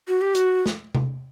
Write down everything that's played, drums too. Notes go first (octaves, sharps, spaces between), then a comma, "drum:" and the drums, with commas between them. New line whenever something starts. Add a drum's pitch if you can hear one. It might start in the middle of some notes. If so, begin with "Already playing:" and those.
F#4
G4
F#4, drum: hi-hat
drum: snare
drum: tom C3